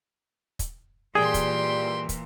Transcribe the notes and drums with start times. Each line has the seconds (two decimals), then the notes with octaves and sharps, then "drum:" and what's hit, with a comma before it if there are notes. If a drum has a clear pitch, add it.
0.59 drum: kick, hi-hat
1.15 A#2 E3 G3 G#4 G5 C6
1.34 drum: kick, hi-hat
2.09 drum: kick, hi-hat